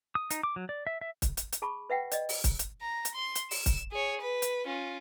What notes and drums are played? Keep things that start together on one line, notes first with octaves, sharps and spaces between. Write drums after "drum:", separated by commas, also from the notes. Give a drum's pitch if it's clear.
D#6
D#4, drum: hi-hat
D6
F#3
D5
E5
E5
drum: kick, hi-hat
drum: hi-hat
drum: hi-hat
G#4 A5 B5 C#6
B4 E5 F#5 G5
D5 D#5, drum: hi-hat
drum: open hi-hat
drum: kick, hi-hat
drum: hi-hat
A#5
drum: hi-hat
C6
drum: hi-hat
E7, drum: open hi-hat
drum: kick, hi-hat
G#4 C#5
B4
drum: hi-hat
C#4 F4